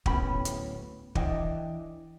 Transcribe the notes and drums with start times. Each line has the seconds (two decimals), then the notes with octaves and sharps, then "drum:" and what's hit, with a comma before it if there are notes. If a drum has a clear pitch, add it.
0.06 D1 A2 B3 C#4 G5 B5, drum: kick
0.45 drum: hi-hat
1.15 E3 D4 D#5 G5, drum: kick